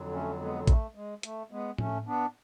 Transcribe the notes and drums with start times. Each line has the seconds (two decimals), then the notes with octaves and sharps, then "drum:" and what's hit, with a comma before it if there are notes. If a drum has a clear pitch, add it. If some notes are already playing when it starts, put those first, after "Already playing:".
Already playing: F2 D3 F#3
0.12 A3 C#4
0.40 G#3 B3
0.67 A3, drum: kick, hi-hat
0.95 G#3
1.23 A3, drum: hi-hat
1.51 G#3 B3
1.78 A3 C#4, drum: tom A2
2.06 B3 D4